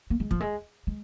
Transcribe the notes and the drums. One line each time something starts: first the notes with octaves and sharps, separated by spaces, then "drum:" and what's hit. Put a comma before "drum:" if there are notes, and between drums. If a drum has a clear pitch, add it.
A#3
G#3
F3, drum: kick
G#3
G#3